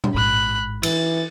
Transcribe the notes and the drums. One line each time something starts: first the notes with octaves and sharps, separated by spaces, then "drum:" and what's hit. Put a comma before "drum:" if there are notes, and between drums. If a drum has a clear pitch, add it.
drum: tom
A1 G#2 B5 F#6
E3 A6, drum: cymbal